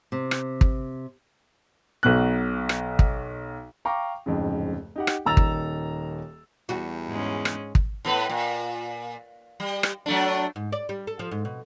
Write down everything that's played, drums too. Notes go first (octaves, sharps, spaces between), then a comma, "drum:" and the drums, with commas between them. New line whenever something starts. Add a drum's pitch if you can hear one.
C3
drum: rim click
drum: kick
B1 B2 F#6
drum: rim click
drum: kick
F5 G5 A#5 C#6 D6
D1 F2 G#2 C#3
D#4 G4 F#5
drum: rim click
D#1 D#3 A#5 E6 A6 F7
drum: kick
E2 G3 F#4
G#2 G#3 C#4
drum: rim click
drum: kick
A2 B3 B4
A#2
G3
drum: rim click
F#3 A3 D4
G#2
D5
G3
A4
F3
G#2
B2